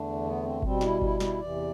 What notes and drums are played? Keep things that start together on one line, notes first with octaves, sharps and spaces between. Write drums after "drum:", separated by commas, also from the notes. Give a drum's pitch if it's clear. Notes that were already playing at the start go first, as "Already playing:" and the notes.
Already playing: E2 D3 A3 D4
B3
C4
B2 G3 C4, drum: kick G1
E4, drum: snare
E4, drum: kick G1
E4, drum: snare
E2 C3 E3 D5